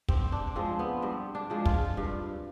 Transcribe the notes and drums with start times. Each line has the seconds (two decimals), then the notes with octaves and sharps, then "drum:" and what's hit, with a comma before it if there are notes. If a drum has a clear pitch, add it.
0.08 G2 C4, drum: kick
0.32 D4
0.55 F3 G#3 C4
0.79 B3
1.02 G2 C4
1.35 D4
1.50 F3 G#3
1.66 F4, drum: kick
1.97 G2